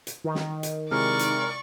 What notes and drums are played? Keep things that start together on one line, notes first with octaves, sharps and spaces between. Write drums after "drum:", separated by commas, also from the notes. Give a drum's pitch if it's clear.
drum: hi-hat
D#3
drum: snare
drum: hi-hat
C3 G#3 E4 A#4 D5 C#6
drum: hi-hat